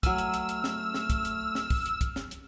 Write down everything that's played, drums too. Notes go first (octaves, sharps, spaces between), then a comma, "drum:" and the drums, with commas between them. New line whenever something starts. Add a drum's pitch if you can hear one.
F#3 A3 G#5 E6 F6, drum: kick, hi-hat
drum: hi-hat
drum: hi-hat
drum: hi-hat
drum: snare
drum: snare
drum: kick, hi-hat
drum: hi-hat
drum: snare
drum: kick, open hi-hat
drum: hi-hat
drum: kick, hi-hat
drum: snare
drum: hi-hat